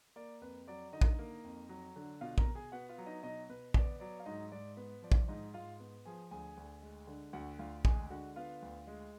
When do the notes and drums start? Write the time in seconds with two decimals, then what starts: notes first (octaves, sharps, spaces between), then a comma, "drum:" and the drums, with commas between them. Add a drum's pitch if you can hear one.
0.16 A#3 D5
0.41 F2 B4
0.68 F#3 D5
0.92 D3 D#4 D#5
1.01 drum: kick
1.19 A#3
1.45 F2
1.69 F#3
1.96 D3
2.21 B2 F4 F5
2.38 A#4 A#5, drum: kick
2.47 B2
2.55 G#4 G#5
2.72 B3 F#4 F#5
2.89 F4 F5
2.98 F#3
3.06 D#4 D#5
3.23 B2 D#4 D#5
3.49 B2 B4
3.74 B3 D5, drum: kick
4.00 F#3 D5
4.20 F5
4.26 G#2 D#4 D#5
4.52 G#2 D5
4.77 B3 B4
5.02 F3 D5
5.12 drum: kick
5.28 G#2 D#4 D#5
5.54 G#2 F4 F5
5.80 B3
6.06 F3 G#4 G#5
6.31 D2 G#4 G#5
6.57 D2
6.82 G#3
7.07 D3
7.33 D2 F#4 F#5
7.59 D2 F4 F5
7.85 G#3 G#4 G#5, drum: kick
8.10 D3 F#4 F#5
8.36 B3 F4 F5
8.62 D2
8.87 G#3